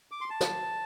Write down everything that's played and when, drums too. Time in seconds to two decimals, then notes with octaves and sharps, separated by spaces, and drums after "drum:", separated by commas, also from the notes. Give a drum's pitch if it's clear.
0.11 D6
0.21 C6
0.30 A5
0.41 drum: snare